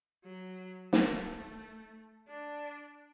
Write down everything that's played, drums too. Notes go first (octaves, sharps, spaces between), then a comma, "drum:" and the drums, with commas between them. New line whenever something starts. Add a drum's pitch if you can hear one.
F#3
A3, drum: snare
D4